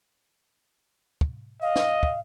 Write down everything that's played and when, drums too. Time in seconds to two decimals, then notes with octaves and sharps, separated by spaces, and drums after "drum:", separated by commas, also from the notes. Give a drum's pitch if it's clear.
1.21 drum: kick
1.62 D#5 F5
1.76 drum: snare
2.03 drum: kick